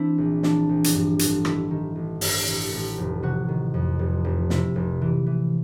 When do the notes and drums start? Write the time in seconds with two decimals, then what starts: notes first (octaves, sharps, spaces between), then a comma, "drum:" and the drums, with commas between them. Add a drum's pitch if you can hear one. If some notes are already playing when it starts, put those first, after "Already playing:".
Already playing: E3 C4 D4 E4
0.18 A#1
0.43 E3 D4, drum: snare
0.69 A#1
0.84 drum: hi-hat
0.94 G2
1.19 A1, drum: hi-hat
1.45 D#3 E4, drum: rim click
1.71 D#3
1.95 A1
2.21 G2, drum: open hi-hat
2.47 A1
2.72 A1
2.98 F1
3.23 C3 F#4
3.48 D#3
3.74 F2
3.99 F1
4.24 F1
4.50 C3 E4, drum: snare
4.76 F1
5.02 E3
5.26 E3